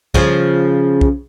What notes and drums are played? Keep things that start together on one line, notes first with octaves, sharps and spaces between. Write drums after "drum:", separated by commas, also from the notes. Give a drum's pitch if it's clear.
C#3 F3, drum: kick
drum: kick